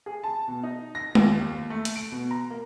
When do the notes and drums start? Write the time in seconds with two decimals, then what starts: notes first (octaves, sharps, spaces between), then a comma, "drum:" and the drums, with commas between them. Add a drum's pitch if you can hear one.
0.06 G#4
0.24 A5
0.48 B2
0.63 D#4
0.95 A#6
1.15 D#2, drum: tom G#3
1.39 D#2
1.70 A3
1.85 drum: hi-hat
1.96 D7
2.12 B2
2.31 A#5
2.50 A#3